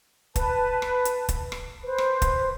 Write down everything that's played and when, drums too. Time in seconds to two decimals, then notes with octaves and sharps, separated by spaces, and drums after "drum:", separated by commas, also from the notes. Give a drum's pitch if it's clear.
0.36 B4 A5, drum: kick, hi-hat
0.82 drum: rim click
1.05 drum: hi-hat
1.29 drum: kick, hi-hat
1.52 drum: rim click
1.84 B4 C5
1.98 drum: rim click
2.22 drum: kick, hi-hat